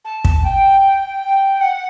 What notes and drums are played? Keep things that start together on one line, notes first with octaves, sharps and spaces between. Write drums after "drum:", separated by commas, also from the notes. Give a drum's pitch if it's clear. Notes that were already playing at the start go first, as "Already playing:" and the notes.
A5
drum: kick
G5
F#5